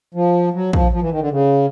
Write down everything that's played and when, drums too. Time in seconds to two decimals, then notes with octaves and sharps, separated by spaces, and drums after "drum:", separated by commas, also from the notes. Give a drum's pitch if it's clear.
0.14 F3
0.53 F#3
0.73 F3, drum: kick
0.92 F3
1.01 E3
1.11 D#3
1.20 D3
1.31 C#3